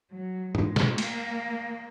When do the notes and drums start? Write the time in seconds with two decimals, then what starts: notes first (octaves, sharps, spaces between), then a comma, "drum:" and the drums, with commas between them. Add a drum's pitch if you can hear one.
0.12 F#3
0.55 G#3, drum: tom
0.76 drum: snare
0.98 A#3, drum: cymbal